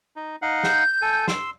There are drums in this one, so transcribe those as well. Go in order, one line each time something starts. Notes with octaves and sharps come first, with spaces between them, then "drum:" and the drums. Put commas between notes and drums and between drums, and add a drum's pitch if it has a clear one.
D#4
D#4 F5 F#5
G6, drum: snare
A4 G#5
C6 E6, drum: snare